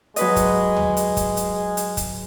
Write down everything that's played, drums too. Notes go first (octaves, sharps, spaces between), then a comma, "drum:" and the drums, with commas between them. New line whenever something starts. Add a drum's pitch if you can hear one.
F#3 G#3 B4 D#5, drum: hi-hat
drum: kick, hi-hat
drum: tom D2
drum: hi-hat
drum: kick, hi-hat
drum: hi-hat
drum: hi-hat
drum: kick, hi-hat